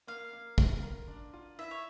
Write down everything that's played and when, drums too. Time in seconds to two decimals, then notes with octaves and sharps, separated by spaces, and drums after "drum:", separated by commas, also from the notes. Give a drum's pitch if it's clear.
0.07 A#3 F5
0.33 A#3
0.58 F4, drum: kick
0.83 A#4
1.08 D4
1.33 F4
1.59 E4 E5
1.71 C#5